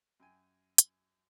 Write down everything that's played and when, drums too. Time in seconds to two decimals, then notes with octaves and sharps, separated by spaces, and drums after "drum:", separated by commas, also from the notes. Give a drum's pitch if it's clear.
0.20 F#2 G5 G#5
0.78 drum: hi-hat